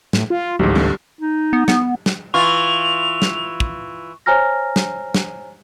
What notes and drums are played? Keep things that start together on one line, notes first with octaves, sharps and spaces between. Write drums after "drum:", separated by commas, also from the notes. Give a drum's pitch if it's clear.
A2, drum: snare
F4
A1 D2 G#2 G3
G2 D3
D#4
B3
B3, drum: snare
drum: snare
E3 F4 C#6 F7
drum: snare
drum: kick
C5 C#5 G#5 A#5 F6 A#6
drum: snare
drum: snare